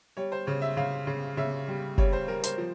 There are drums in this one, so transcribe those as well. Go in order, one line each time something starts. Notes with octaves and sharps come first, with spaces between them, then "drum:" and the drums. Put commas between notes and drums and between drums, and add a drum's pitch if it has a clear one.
G3 C#5
C5
C#3 C#5
E5
C#3 F5
C#3
C#3 E5
G3
G3 C#5, drum: kick
C5
G3 A#4
C5, drum: hi-hat
F3